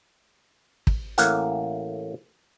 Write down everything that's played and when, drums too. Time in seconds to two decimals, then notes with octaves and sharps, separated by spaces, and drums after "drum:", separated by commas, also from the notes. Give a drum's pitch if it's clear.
0.87 drum: kick
1.18 A1 A2 A#3 F5 F#5, drum: hi-hat